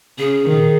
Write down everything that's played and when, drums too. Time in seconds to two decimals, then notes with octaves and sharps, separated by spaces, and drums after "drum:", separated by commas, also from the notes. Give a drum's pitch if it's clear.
0.18 C#3 G#4
0.47 D#3, drum: tom